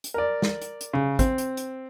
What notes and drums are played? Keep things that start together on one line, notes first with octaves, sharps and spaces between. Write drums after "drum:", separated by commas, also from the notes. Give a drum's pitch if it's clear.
drum: hi-hat
A#4 D5
drum: snare
drum: hi-hat
drum: hi-hat
C#3
C4, drum: kick, hi-hat
drum: hi-hat
drum: hi-hat